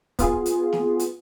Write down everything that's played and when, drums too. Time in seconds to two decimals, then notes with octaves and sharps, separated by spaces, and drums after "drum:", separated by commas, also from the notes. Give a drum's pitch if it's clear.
0.19 B3 F4 G#4, drum: kick, hi-hat
0.46 drum: hi-hat
0.73 drum: snare
0.99 drum: hi-hat